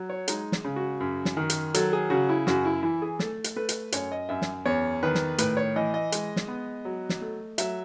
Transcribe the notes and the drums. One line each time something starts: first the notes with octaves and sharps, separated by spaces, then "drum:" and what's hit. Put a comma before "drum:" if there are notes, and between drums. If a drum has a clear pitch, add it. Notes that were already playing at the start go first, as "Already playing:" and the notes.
Already playing: F#3
C#5
G#3 D#4, drum: hi-hat
drum: snare
C#3
F#4
F#2
drum: snare
D#3
drum: hi-hat
F#3 A4, drum: hi-hat
G#4
C#3 F#4
E4
F#2 F#4, drum: snare
E4
E3 E4
G#4
A3 A4, drum: snare
drum: hi-hat
A3 B4
drum: hi-hat
F#2 C#5, drum: hi-hat
D#5
F#2 E5
drum: snare
E2 C#5
D#3 B4
drum: snare
A2 B4, drum: hi-hat
C#5
E3 D#5
D#5
G#3, drum: hi-hat
drum: snare
B3
F#3
drum: snare
A3
F#3 E5, drum: hi-hat